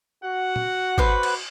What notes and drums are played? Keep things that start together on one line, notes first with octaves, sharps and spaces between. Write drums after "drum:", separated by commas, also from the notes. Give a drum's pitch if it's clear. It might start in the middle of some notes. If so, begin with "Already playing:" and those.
F#4 F#5
drum: tom
B4 C5 D6, drum: kick G#1
drum: cymbal